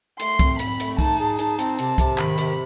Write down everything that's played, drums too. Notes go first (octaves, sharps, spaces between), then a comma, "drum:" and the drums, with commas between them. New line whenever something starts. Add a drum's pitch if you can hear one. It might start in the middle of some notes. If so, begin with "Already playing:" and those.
A3 C6, drum: hi-hat
C4, drum: kick C2, hi-hat
C4 B5, drum: hi-hat
A3, drum: hi-hat
D#4 A5, drum: kick C2, open hi-hat
G#4
D#4 A5, drum: hi-hat
C4, drum: hi-hat
C3 A5, drum: hi-hat
C3, drum: kick C2, hi-hat
D#3 B5, drum: clap
C3, drum: hi-hat